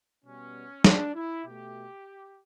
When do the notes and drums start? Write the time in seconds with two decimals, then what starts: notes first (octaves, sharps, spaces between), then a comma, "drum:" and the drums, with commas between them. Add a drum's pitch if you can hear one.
0.25 B2 G3 B3 C#4
0.84 D4, drum: snare
1.15 E4
1.45 B2 A3 G4